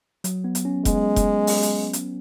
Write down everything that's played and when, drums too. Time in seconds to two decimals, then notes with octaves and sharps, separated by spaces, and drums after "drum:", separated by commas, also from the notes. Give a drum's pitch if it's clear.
0.24 F#3, drum: hi-hat
0.44 B3
0.55 drum: hi-hat
0.65 C#4
0.85 G#3 B3, drum: kick F1, hi-hat
1.16 drum: kick F1, hi-hat
1.47 drum: open hi-hat
1.63 drum: hi-hat
1.93 drum: hi-hat